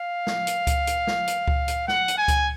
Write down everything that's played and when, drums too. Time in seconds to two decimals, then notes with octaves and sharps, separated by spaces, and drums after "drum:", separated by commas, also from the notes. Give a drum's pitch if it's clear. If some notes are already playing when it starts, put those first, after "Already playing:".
Already playing: F5
0.27 drum: snare
0.47 drum: hi-hat
0.67 drum: kick C#2, hi-hat
0.87 drum: hi-hat
1.07 drum: snare
1.27 drum: hi-hat
1.48 drum: kick C#2
1.68 drum: hi-hat
1.88 F#5, drum: snare
2.08 drum: hi-hat
2.18 G#5
2.28 drum: kick C#2, hi-hat